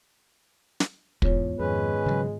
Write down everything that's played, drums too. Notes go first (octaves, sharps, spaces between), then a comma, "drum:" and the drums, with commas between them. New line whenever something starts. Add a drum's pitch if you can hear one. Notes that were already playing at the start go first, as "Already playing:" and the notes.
drum: snare
E2 G#2 B3 F4 C#5, drum: kick
F2 G#2 D#3 G#3 C#4 B4
C#3 F3 F#3